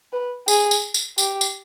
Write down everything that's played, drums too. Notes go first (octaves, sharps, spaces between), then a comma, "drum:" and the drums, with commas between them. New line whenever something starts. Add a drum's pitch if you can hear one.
B4
G#4, drum: tambourine
drum: tambourine
drum: tambourine
G4, drum: tambourine
drum: tambourine